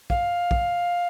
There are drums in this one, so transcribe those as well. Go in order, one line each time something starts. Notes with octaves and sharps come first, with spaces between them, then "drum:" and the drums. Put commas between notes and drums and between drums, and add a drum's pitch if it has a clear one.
F5, drum: kick
drum: kick